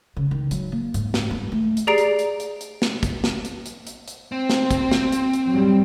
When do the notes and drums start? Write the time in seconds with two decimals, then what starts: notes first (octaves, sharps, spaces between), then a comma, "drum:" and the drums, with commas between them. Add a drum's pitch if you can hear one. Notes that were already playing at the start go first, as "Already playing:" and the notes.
0.17 C#3
0.31 D#3
0.51 F#3, drum: hi-hat
0.72 A#3
0.94 G#2, drum: hi-hat
1.14 drum: snare
1.30 G2
1.52 A3
1.77 drum: hi-hat
1.87 G4 G#4 D5 A#5 C7 D7
1.98 drum: hi-hat
2.19 drum: hi-hat
2.40 drum: hi-hat
2.61 drum: hi-hat
2.82 drum: snare
3.03 drum: kick, hi-hat
3.24 drum: snare
3.45 drum: hi-hat
3.66 drum: hi-hat
3.87 drum: hi-hat
4.08 drum: hi-hat
4.32 C4
4.50 drum: snare
4.71 drum: kick, hi-hat
4.92 drum: snare
5.12 drum: hi-hat
5.33 drum: hi-hat
5.49 F#3 G3